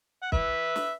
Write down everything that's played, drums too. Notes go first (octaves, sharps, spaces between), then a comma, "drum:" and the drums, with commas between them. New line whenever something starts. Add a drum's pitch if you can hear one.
F#5
B4 E5, drum: kick
drum: snare